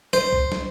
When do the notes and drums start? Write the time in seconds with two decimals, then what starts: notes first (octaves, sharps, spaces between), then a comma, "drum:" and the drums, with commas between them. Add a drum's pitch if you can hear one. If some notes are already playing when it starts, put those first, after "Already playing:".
0.13 C5, drum: snare
0.32 drum: kick B1
0.52 drum: snare